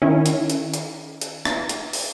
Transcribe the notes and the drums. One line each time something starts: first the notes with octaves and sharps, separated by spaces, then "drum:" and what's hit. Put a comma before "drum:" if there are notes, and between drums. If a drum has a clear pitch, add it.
D#3 C#4 E4
drum: hi-hat
drum: hi-hat
drum: hi-hat
drum: hi-hat
drum: rim click
drum: hi-hat
drum: open hi-hat